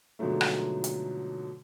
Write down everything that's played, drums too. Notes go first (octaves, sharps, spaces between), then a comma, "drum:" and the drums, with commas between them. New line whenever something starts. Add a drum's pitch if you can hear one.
G#2 B2 D3 F3 F#3 A3
drum: rim click
drum: hi-hat